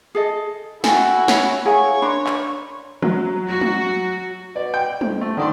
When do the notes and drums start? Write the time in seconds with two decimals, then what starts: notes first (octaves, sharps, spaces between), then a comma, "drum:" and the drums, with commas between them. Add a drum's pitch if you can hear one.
0.15 G#4 A4 D#5
0.84 E4 F#4 A4 G5 G#5, drum: snare
1.28 C#5 F#5, drum: snare
1.66 E4 G#4 A#4 C#5 F5 F#5 G#5 C#6
2.02 D4 A#4 B5 C6
2.26 drum: clap
3.02 F#3, drum: tom
3.48 F#4
3.61 drum: tom
4.56 B2 D5
4.74 G5
5.01 F2, drum: tom
5.21 A3
5.37 D3 D#3 D5 C6